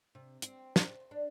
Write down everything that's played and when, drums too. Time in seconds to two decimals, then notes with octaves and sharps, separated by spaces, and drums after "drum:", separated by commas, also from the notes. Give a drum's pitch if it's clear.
0.15 C3
0.42 C4, drum: hi-hat
0.76 C5, drum: snare
1.11 D4